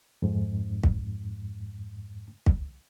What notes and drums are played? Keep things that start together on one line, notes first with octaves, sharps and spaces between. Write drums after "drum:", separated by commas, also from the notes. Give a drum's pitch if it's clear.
F2 G#2
drum: kick
drum: kick